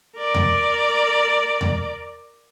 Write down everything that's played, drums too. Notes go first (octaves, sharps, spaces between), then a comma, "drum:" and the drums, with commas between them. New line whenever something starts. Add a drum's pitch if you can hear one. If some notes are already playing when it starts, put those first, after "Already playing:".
A#4 D5
drum: tom E2
drum: tom E2